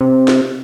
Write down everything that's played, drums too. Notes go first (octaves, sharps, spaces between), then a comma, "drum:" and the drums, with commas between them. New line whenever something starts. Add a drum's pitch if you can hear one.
C3
drum: snare